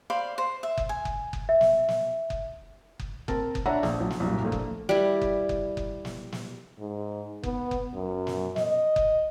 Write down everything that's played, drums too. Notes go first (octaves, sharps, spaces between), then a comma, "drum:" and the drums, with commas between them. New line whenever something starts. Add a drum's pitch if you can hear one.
C5 D5 F5 B5
C5
E5
drum: kick F#1
G#5
drum: kick F#1
drum: kick F#1
E5
drum: snare
drum: snare
drum: kick F#1
drum: kick F#1
C4 A#4 A5, drum: kick F#1
drum: kick F#1
D4 C#5 E5 F#5 A5 A#5
A#1, drum: snare
B1
drum: snare
C2 F#2 A#2
A#1 A3 A#3
drum: kick F#1
G3 E4
drum: kick F#1
drum: kick F#1
drum: kick F#1
drum: snare
drum: snare
G#2
B3, drum: kick F#1
drum: kick F#1
F#2
drum: snare
D#5, drum: snare
drum: kick F#1